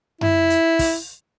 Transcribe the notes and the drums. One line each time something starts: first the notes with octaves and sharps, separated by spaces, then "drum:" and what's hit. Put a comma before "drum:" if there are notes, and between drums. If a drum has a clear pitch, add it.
E4, drum: tom F#2
drum: hi-hat
drum: kick, open hi-hat